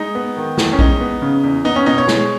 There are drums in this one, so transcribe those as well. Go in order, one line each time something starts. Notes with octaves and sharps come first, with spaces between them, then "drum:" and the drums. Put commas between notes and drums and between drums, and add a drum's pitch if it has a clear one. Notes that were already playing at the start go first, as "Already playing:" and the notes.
Already playing: G#3 D#4
B3
D#3
E2, drum: snare
C#4
G#3 D#4, drum: kick A#1
B3
C#3
E2
B3 D#4
C#4
B2 D#4
C#5
G#3, drum: snare